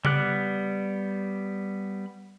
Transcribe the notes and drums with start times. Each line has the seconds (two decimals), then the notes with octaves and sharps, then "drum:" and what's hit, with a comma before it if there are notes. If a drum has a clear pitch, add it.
0.05 G3 B3 D6 F#6, drum: tom C#3